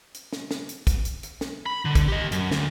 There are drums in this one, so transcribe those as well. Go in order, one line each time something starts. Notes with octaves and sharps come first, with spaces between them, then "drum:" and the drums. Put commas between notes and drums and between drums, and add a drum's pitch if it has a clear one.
drum: hi-hat
drum: snare
drum: snare
drum: hi-hat
drum: kick, hi-hat
drum: hi-hat
drum: hi-hat
drum: snare
B5
D3
drum: kick, hi-hat
G4 D#5
F#2, drum: hi-hat
D2, drum: snare